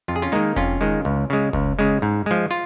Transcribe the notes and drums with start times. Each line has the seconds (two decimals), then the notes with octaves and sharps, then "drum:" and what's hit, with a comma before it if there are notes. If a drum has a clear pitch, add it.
0.08 F2 F4
0.16 G#4
0.22 C#4 F4, drum: hi-hat
0.32 D#3 G#3 A#3 D#4
0.56 F2 C#4 F4, drum: kick F1, hi-hat
0.81 D#3 G#3
1.05 C#2
1.30 C#3 G#3
1.53 C#2, drum: kick F1
1.79 C#3 G#3
2.02 G#2
2.26 F3 G#3
2.51 F4, drum: hi-hat